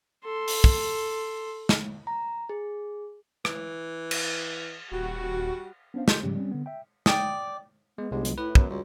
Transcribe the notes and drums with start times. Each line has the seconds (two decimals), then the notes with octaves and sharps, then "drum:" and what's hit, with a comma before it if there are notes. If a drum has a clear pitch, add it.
0.24 A4 C6
0.48 drum: open hi-hat
0.64 drum: kick
1.69 drum: snare
2.07 A#5
2.49 G#4
3.45 E3, drum: rim click
4.11 drum: cymbal
4.92 D#1 G3 F#4
5.94 B3 C#4 D4 C5 F5
6.08 F4 G4 A4 C6 G6, drum: snare
6.23 G#2 C#3 F3 G3 C#4 G4
6.35 G3 C4 C#4
6.51 D3 B3
6.66 E5 G5
7.06 D5 G5 D#6, drum: snare
7.98 G#3 B3
8.11 G1 C2 G#3 B3 G4
8.25 F#3, drum: hi-hat
8.38 A2 E4 B4
8.55 F#2 B3, drum: kick
8.70 C#2 G3 F#4